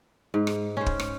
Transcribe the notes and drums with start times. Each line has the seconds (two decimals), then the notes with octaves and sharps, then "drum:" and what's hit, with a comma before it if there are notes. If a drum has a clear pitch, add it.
0.34 G#2
0.47 drum: rim click
0.77 C#4 C5
0.86 drum: kick
1.00 drum: rim click